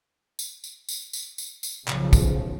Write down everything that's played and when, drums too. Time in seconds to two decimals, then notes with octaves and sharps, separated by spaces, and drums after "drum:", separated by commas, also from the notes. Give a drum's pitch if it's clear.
0.39 drum: tambourine
0.64 drum: tambourine
0.89 drum: tambourine
1.13 drum: tambourine
1.38 drum: tambourine
1.63 drum: tambourine
1.88 B1 C#3 F3, drum: clap
2.13 drum: kick, tambourine